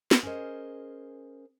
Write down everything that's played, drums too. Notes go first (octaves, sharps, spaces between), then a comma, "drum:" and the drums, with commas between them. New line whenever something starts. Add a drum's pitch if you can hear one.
drum: snare
C#4 G#4 A#4 C5 D#5